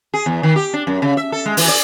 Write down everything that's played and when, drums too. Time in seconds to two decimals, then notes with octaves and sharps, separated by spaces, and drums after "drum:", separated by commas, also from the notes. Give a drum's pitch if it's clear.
0.14 G#4
0.26 E2
0.43 D#3
0.56 G4
0.73 D4
0.87 F#2
1.02 C#3
1.17 E5
1.32 A4
1.46 G#3
1.57 E3, drum: open hi-hat
1.68 D5